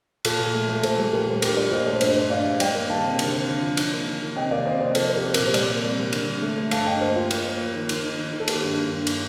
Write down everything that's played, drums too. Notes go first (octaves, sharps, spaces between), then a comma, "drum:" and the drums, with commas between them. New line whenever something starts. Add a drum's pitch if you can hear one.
A#2 F4 A4, drum: cymbal
A#2
A3
A3
A#2 A4 C5, drum: cymbal
G3
A#2 G4 A#4
G3 C5
D4 G4 A#4, drum: cymbal
F4 A#4 D5
A#2 C5 D#5
A3 A4 C5
G2 C5 D#5, drum: cymbal
G2
G2 D5 F5
G2
G3 D#5 G5, drum: cymbal
A#3
D#3 F5 A5
C3
D3, drum: cymbal
C4
D3
F3
D#4, drum: cymbal
A#3
D#3
D#3
C3 D#5 G5
A#3 D5 F5
C3 C5 D#5
C3 C5 D#5
F3 A4 C5, drum: cymbal
C4 G4 A#4
C4
G4 A#4, drum: cymbal
A#2
C5
G3 A#4 D5, drum: cymbal
A#3
C3
G3
D3, drum: cymbal
D3
A3
A3
G2 F5 A5, drum: cymbal
G2 D#5 G5
A#3 C5 D#5
A#3 F4
A#3, drum: cymbal
A#3
F4
D#3
D#3, drum: cymbal
D#4
D#4
D#3
A4
A#3 G4, drum: cymbal
G2
G2
G2
drum: cymbal